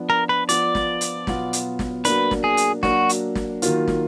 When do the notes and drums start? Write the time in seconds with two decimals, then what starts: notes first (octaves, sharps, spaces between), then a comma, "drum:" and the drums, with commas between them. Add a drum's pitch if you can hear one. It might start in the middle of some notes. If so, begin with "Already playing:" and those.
Already playing: F3 B3 D4
0.10 A#4
0.29 B4
0.49 F3 B3 F4 D5, drum: hi-hat
0.75 drum: snare
1.01 drum: hi-hat
1.27 B2 F#3 B3 F4, drum: snare
1.53 drum: hi-hat
1.79 drum: snare
2.05 F#3 A#3 D4 B4, drum: hi-hat
2.31 drum: snare
2.44 G#4
2.57 drum: hi-hat
2.83 F#3 A#3 D4 F#4, drum: snare
3.09 drum: hi-hat
3.35 drum: snare
3.62 D#3 F#3 A#3 F4, drum: hi-hat
3.88 drum: snare